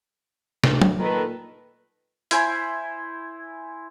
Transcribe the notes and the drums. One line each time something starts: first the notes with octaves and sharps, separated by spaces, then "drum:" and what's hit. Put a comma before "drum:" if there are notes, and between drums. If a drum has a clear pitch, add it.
D2, drum: snare
drum: tom
A#2 D#3 A4 B4
E4 C5 G#5 B5, drum: hi-hat